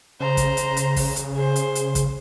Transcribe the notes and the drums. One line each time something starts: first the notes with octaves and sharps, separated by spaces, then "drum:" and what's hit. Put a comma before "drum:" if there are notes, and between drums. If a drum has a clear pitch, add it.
C#3 C5 A#5
drum: kick F#1, hi-hat
drum: hi-hat
drum: hi-hat
drum: kick F#1, open hi-hat
drum: hi-hat
G#4 C5
drum: hi-hat
drum: hi-hat
drum: kick F#1, hi-hat